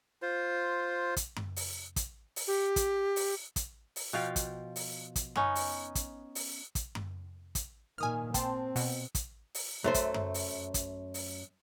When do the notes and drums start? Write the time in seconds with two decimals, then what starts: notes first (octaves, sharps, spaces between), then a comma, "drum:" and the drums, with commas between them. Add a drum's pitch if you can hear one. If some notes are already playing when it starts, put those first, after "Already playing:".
0.22 F4 C5
1.17 drum: kick, hi-hat
1.36 drum: tom F#2
1.56 drum: open hi-hat
1.96 drum: kick, hi-hat
2.36 drum: open hi-hat
2.47 G4
2.76 drum: kick, hi-hat
3.16 drum: open hi-hat
3.56 drum: kick, hi-hat
3.96 drum: open hi-hat
4.13 B2 F3 F5 G5
4.36 drum: kick, hi-hat
4.76 drum: open hi-hat
5.16 drum: kick, hi-hat
5.36 B3 C#4 D#4, drum: tom F#2
5.55 drum: open hi-hat
5.95 drum: kick, hi-hat
6.35 drum: open hi-hat
6.75 drum: kick, hi-hat
6.95 drum: tom F#2
7.55 drum: kick, hi-hat
7.98 A#2 D#3 G#5 D#6 F6
8.34 C4 G5 A5 C6, drum: kick, hi-hat
8.76 B2, drum: open hi-hat
9.15 drum: kick, hi-hat
9.55 drum: open hi-hat
9.84 F#2 A3 C5
9.94 drum: kick, hi-hat
10.14 drum: tom F#2
10.34 drum: open hi-hat
10.74 drum: kick, hi-hat
11.14 drum: open hi-hat